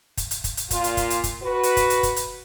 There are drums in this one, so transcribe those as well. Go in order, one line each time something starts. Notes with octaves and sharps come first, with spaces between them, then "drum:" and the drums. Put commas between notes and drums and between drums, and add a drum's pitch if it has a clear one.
drum: kick, hi-hat
drum: hi-hat
drum: kick, hi-hat
drum: hi-hat
A#2 F4, drum: kick, hi-hat
drum: hi-hat
drum: kick, hi-hat
drum: hi-hat
drum: kick, hi-hat
F#4 B4
drum: hi-hat
drum: kick, hi-hat
drum: hi-hat
drum: kick, hi-hat
drum: hi-hat